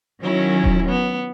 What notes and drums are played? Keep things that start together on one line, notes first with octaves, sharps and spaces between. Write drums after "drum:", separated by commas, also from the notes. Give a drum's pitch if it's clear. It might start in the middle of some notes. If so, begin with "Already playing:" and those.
D#3 F#3 C#4 E4
drum: kick D#1
B3